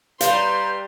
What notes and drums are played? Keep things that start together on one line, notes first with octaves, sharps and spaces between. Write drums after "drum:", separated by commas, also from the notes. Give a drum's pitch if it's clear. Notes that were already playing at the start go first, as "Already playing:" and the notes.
G3 B4 C#5 F5 A#5 C6 G6, drum: hi-hat